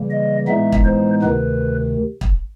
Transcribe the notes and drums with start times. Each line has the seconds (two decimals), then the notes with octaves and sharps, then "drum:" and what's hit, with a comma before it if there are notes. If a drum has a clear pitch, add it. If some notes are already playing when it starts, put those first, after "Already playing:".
Already playing: C#3 E3 G3 A#3
0.10 D#5
0.47 A2 E3 G#3 B3 D#4 E5
0.72 drum: kick
0.85 C5
1.22 D2 C3 D#3 B4
2.21 drum: kick